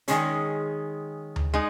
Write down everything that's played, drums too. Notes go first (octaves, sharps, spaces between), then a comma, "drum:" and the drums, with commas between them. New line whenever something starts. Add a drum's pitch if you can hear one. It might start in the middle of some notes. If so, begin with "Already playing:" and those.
D#3 G#3 C#4 G#4, drum: hi-hat
drum: tom D2
G#3 D#4